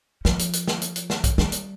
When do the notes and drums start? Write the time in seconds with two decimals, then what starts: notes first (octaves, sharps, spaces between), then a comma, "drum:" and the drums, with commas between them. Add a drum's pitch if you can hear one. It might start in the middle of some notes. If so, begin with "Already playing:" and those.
0.25 F3, drum: snare
0.39 drum: hi-hat
0.53 drum: hi-hat
0.68 drum: snare
0.82 drum: hi-hat
0.96 drum: hi-hat
1.10 drum: snare
1.24 drum: kick B1, hi-hat
1.38 G3, drum: snare
1.52 drum: hi-hat